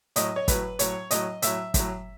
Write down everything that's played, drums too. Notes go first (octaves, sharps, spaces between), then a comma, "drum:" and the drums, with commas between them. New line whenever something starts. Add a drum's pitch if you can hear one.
A2 F#3 D#5, drum: hi-hat
C#5
A2 F#3 B4, drum: kick, hi-hat
A2 F#3 C#5, drum: hi-hat
A2 F#3 D#5, drum: hi-hat
A2 F#3 E5, drum: hi-hat
A2, drum: kick, hi-hat
F#3